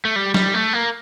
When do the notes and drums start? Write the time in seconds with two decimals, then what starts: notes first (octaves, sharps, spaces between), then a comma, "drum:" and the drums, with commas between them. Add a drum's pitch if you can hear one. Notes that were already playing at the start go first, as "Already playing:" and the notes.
0.05 A3
0.16 G3
0.34 G3, drum: snare
0.54 A3
0.73 A#3